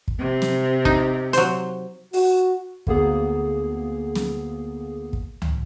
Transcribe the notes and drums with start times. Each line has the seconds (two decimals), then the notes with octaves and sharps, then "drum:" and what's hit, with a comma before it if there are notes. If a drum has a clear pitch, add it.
0.08 drum: kick
0.19 C3
0.42 drum: snare
0.85 D#4, drum: kick
1.33 F#3 C5, drum: hi-hat
2.13 F#4, drum: open hi-hat
2.87 D2 D3 A#3 B3 G#4, drum: kick
4.15 drum: snare
5.13 drum: kick
5.42 drum: tom C#2